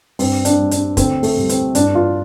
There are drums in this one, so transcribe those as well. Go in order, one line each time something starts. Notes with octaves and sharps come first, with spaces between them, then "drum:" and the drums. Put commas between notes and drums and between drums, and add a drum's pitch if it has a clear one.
G2 C4, drum: open hi-hat
D4, drum: hi-hat
G3
D4, drum: hi-hat
D2 C4, drum: kick, hi-hat
A3, drum: open hi-hat
C3 G3
C4, drum: hi-hat
G2 D4, drum: hi-hat
F4